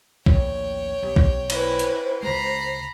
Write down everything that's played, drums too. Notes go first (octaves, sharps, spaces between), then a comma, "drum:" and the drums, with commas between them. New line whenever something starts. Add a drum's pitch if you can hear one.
A#1 D#2 A2 C#5 G5, drum: kick
B1 G4
drum: kick
E4 B4 C5, drum: cymbal
drum: hi-hat
C#2 G#3 A#5 B5 C7